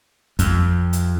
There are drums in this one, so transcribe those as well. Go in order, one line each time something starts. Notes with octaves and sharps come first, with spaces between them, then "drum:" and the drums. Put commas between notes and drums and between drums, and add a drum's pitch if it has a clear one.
F2, drum: kick, hi-hat
drum: hi-hat